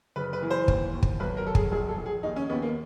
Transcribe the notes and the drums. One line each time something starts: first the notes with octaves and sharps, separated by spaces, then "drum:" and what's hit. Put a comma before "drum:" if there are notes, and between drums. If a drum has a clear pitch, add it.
F#1 B4
B4
E3
C5
D#2, drum: kick
D#2
drum: kick
B1 B4
A#4
B1 A4
G#4, drum: kick
A#1 G#4
A4
A#1
G#4
D#2 D#4
C#4
D#2 B3
A#3